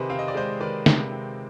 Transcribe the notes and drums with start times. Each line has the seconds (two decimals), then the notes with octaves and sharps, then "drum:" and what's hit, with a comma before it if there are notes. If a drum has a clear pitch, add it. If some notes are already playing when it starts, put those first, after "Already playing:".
Already playing: C3 D#3 G4 G#4 B4 C5 D#5
0.10 C4 F5
0.19 D#5
0.28 D5
0.35 G#3 C5 D#5
0.60 D#3 B4 D5
0.86 C3, drum: snare
1.11 C4